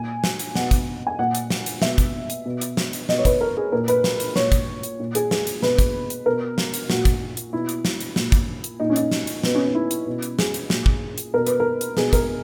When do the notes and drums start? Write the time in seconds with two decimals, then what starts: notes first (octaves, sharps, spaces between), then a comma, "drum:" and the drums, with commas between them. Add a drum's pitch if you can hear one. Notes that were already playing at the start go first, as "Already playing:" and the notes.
Already playing: A#2 G#5
0.24 drum: snare
0.39 drum: hi-hat
0.55 B2 F#5, drum: snare
0.71 drum: kick, hi-hat
1.07 G#5
1.19 A#2 F#5
1.35 drum: hi-hat
1.50 drum: snare
1.66 drum: hi-hat
1.82 B2 E5, drum: snare
1.98 drum: kick, hi-hat
2.30 drum: hi-hat
2.45 B2
2.61 drum: hi-hat
2.77 drum: snare
2.93 drum: hi-hat
3.09 B2 D#5, drum: snare
3.18 C#5
3.25 B4, drum: kick, hi-hat
3.41 A#4
3.57 G#4
3.72 A#2 A#4
3.88 B4, drum: hi-hat
4.04 drum: snare
4.20 drum: hi-hat
4.36 A#2 C#5, drum: snare
4.52 drum: kick, hi-hat
4.83 drum: hi-hat
5.00 A#2
5.15 G#4, drum: hi-hat
5.31 G#4, drum: snare
5.47 drum: hi-hat
5.62 B2 B4, drum: snare
5.79 drum: kick, hi-hat
6.10 drum: hi-hat
6.26 B2 A#4
6.58 drum: snare
6.74 drum: hi-hat
6.90 A#2 F#4, drum: snare
7.05 drum: kick, hi-hat
7.37 drum: hi-hat
7.53 B2 E4
7.69 drum: hi-hat
7.85 drum: snare
8.00 drum: hi-hat
8.16 A#2, drum: snare
8.32 drum: kick, hi-hat
8.64 drum: hi-hat
8.80 A#2 D#4
8.90 C#4
8.96 D#4, drum: hi-hat
9.11 drum: snare
9.27 drum: hi-hat
9.43 B2 B3, drum: snare
9.55 C#4
9.65 D#4
9.75 E4
9.91 drum: hi-hat
10.06 B2
10.22 drum: hi-hat
10.39 G#4, drum: snare
10.54 drum: hi-hat
10.70 A#2, drum: snare
10.86 drum: kick
11.18 drum: hi-hat
11.34 B2 A#4
11.47 B4, drum: hi-hat
11.60 A#4
11.81 drum: hi-hat
11.97 B2 G#4, drum: snare
12.13 A#4, drum: kick, hi-hat